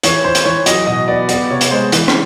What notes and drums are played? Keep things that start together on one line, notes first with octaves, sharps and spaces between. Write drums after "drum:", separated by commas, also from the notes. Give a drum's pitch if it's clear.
E3 C#5, drum: hi-hat
E3 C5
drum: hi-hat
E3 C#5
F#3 D#5, drum: hi-hat
B2 D#5
B3 D5
B3 D5, drum: hi-hat
C3 C#5
drum: hi-hat
G#3 C5
E3, drum: hi-hat
drum: rim click